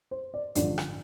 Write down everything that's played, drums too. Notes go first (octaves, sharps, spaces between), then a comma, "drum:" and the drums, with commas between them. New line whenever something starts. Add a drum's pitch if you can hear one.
C5
D5
A1 G2 D3 F3 D5, drum: hi-hat
drum: rim click